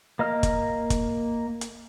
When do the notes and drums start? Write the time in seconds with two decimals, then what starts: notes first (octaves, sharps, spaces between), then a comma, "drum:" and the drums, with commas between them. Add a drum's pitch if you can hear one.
0.19 A#3 D#5 F6
0.43 drum: kick, hi-hat
0.90 drum: kick, hi-hat
1.61 drum: hi-hat